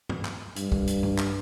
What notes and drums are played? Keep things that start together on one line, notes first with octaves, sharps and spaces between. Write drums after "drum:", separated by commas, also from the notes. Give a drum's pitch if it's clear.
drum: tom
drum: clap
G2, drum: hi-hat
drum: kick
drum: hi-hat
drum: tom
drum: clap